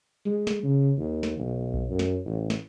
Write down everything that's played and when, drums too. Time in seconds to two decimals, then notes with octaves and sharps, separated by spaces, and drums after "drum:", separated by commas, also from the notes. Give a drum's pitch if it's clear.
0.26 G#3
0.47 drum: snare
0.63 C#3
0.98 D#2
1.23 drum: snare
1.39 B1
1.74 drum: kick B1
1.90 F#2
1.99 drum: snare
2.25 A1
2.50 drum: snare